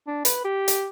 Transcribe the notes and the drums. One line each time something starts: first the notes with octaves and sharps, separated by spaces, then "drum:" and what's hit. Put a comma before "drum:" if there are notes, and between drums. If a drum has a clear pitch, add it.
D4
B4, drum: hi-hat
G4
drum: hi-hat